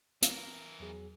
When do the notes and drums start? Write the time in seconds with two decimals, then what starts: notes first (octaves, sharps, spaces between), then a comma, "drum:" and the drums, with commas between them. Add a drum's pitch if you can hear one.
0.22 E3 A#4, drum: hi-hat
0.80 E2 F#3 G#4